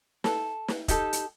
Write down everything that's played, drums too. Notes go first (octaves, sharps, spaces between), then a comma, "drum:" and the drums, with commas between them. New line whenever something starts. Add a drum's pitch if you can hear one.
A4, drum: snare
drum: snare
D#4 G4 A4, drum: kick, hi-hat
drum: hi-hat